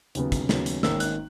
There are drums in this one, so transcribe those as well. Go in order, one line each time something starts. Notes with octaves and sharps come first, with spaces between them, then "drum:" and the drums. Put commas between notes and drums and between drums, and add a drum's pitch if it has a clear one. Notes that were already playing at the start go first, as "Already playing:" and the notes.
D#2 C#3 F#3 B3, drum: hi-hat
drum: kick, hi-hat
D#2 C#3 F#3 B3, drum: snare
drum: hi-hat
G#1 G#2 D#3 A#3 C#4 E6, drum: snare
F#6, drum: hi-hat